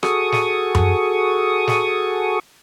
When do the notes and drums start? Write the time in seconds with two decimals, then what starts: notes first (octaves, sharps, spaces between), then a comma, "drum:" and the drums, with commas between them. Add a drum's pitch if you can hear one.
0.03 F#4 G#4 A4 C#6 D#6, drum: rim click
0.32 drum: snare
0.75 drum: tom F#2
1.68 drum: snare